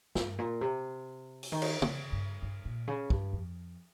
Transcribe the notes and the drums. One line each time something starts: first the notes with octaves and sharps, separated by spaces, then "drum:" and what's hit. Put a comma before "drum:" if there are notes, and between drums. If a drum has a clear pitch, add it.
G2, drum: snare
A#2
C3
drum: open hi-hat
D#3
drum: cymbal
C3, drum: tom
G2
G2
A#2
C#3
G2, drum: kick
F2